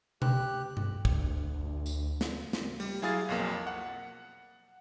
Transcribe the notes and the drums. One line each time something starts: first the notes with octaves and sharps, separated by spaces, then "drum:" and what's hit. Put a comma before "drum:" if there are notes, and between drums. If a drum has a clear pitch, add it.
G4 F#6, drum: tom B2
drum: tom G2
D2, drum: kick
drum: tambourine
drum: snare
drum: snare
G3, drum: open hi-hat
F#3 E4 G#4 F5 D#6 A6
B1 F2 A#3
F#5